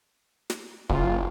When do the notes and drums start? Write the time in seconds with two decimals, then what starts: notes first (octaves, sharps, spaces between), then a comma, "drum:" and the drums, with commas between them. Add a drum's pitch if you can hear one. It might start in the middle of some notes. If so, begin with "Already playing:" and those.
0.50 drum: snare
0.89 F#1 F4, drum: kick